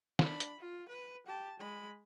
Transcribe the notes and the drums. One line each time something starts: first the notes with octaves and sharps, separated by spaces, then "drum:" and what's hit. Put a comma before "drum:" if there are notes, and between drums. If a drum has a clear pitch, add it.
D4 B5, drum: snare
drum: hi-hat
F4
B4
G4 A5
G#3 B5